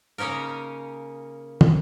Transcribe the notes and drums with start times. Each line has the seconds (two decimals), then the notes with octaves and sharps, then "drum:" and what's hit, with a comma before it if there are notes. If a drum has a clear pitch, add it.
0.18 C#3 A#3 C#4 D#4 A#4
1.61 drum: tom